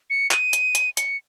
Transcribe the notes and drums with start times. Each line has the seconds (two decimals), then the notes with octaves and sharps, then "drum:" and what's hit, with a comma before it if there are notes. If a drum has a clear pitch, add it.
0.10 C#7
0.31 D#7, drum: clap
0.53 drum: hi-hat
0.75 drum: hi-hat
0.97 C#7, drum: hi-hat